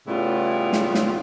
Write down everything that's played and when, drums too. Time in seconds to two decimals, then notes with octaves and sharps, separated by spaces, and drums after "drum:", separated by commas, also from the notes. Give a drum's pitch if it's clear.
0.07 A2 C#3 G3 B3 E4 F4
0.73 drum: snare
0.95 drum: snare